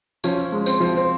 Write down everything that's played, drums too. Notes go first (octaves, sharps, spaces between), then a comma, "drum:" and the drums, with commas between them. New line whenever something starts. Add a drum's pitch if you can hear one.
F3 C#4, drum: tambourine
G#3
C4, drum: tambourine
F3
C4